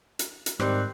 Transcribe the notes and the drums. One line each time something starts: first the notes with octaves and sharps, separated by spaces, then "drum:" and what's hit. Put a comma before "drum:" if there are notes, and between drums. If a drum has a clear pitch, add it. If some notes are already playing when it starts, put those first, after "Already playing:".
drum: hi-hat
drum: hi-hat
G#2 D#3 G3 C4 F#6, drum: rim click